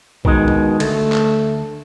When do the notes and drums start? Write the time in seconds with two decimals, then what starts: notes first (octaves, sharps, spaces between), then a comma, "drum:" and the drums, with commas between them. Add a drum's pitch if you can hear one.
0.25 B2 D#3 G#3, drum: kick A#1
0.48 drum: tom
0.80 D2 A3, drum: cymbal
1.12 drum: clap